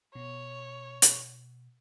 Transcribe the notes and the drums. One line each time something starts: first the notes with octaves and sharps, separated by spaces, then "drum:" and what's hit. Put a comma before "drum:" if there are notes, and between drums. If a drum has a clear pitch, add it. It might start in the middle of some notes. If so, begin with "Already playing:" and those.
B2 C#5
drum: hi-hat